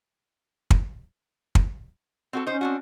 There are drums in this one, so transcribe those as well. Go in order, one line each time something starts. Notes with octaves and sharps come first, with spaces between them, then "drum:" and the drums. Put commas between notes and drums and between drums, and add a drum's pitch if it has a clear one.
drum: kick
drum: kick
C4 F#4 A4
C#4 D#4 C5
C4 D4 F#4